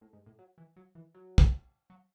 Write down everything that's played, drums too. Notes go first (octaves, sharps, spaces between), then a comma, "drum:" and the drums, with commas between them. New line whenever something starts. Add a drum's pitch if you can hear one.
A2
G#2
A2
F#3
E3
F#3
E3
F#3
drum: kick
F#3